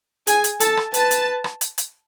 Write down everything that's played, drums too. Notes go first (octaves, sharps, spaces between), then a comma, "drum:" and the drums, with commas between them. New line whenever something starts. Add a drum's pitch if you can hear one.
G#4 G#5, drum: hi-hat
drum: hi-hat
A4 A5, drum: hi-hat
drum: rim click
B4 A5, drum: hi-hat
drum: hi-hat
drum: rim click
drum: hi-hat
drum: hi-hat